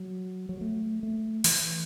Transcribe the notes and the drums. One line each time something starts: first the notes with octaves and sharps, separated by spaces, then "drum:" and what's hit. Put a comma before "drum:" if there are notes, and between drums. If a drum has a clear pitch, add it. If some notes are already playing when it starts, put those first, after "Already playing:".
Already playing: F#3
F#3
A3
A3
E3, drum: open hi-hat